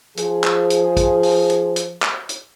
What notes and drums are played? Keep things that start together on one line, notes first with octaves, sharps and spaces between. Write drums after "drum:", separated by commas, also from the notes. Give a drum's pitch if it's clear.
F3 G#4, drum: hi-hat
drum: clap
drum: hi-hat
drum: kick, hi-hat
drum: open hi-hat
drum: hi-hat
drum: hi-hat
drum: clap
drum: hi-hat